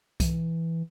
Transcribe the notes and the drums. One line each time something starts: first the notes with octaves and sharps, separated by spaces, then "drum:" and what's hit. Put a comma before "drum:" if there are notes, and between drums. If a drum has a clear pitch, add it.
E3, drum: kick C2, hi-hat